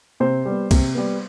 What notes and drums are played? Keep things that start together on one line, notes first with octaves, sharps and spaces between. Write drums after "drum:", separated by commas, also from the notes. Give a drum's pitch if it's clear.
C3 C5
G3 B3
C3, drum: kick, cymbal
G3 B3